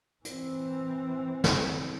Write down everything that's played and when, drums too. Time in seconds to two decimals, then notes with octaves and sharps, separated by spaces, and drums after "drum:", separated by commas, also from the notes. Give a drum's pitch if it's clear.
0.25 E3 C4, drum: hi-hat
1.44 drum: snare